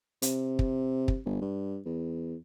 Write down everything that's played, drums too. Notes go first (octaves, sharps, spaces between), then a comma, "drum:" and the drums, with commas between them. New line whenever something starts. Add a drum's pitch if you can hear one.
C3, drum: hi-hat
drum: kick
drum: kick
G1
G2
E2